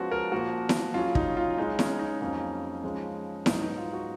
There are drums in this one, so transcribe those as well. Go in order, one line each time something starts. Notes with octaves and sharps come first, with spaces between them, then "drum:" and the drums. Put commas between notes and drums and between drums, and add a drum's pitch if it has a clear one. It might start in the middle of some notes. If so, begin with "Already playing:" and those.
Already playing: C#3 F3 G#3 B3 F4 F#4
A#4
A#2 F3 A#3 F#4
drum: snare E4
C#3 F#3 C#4 F4
D#4, drum: kick
F4
C#3 G#3 C#4 D#4
C#4, drum: snare E4
D#4
F2 C#3 F#3 A#3 C#4
C#3 F3 G#3 C#4
G#2 F#3 B3 D#4, drum: snare E4
D#4
F4
F#4